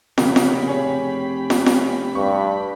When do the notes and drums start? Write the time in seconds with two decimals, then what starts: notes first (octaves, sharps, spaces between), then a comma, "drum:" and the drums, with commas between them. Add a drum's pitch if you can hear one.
0.18 F1 A#2 C#3 F#3 G4 B5, drum: snare
0.36 drum: snare
0.67 G#4 C#5
1.50 drum: snare
1.66 drum: snare
2.15 G2 C#6